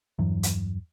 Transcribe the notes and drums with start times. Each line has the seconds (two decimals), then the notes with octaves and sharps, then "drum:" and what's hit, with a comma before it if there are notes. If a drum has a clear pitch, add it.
0.19 E2 G2 E3 F#3
0.43 drum: hi-hat